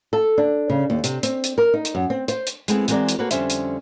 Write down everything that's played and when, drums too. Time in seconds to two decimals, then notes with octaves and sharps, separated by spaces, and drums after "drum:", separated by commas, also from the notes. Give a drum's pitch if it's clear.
0.13 A4
0.38 D4
0.70 C#3
0.90 D#2
1.04 C3, drum: hi-hat
1.23 C4, drum: hi-hat
1.44 drum: hi-hat
1.58 A#4
1.74 D#4
1.85 drum: hi-hat
1.95 F#2
2.10 C4
2.28 C5, drum: hi-hat
2.47 drum: hi-hat
2.68 G#3 A3 B3 C4 E4, drum: hi-hat
2.88 E3 G#3 C4 F#4 A#4 D5, drum: hi-hat
3.09 drum: hi-hat
3.19 A#3 F#4 A4 B4 C#5
3.31 F2 D3 G3 C#4 C5 E5, drum: hi-hat
3.50 drum: hi-hat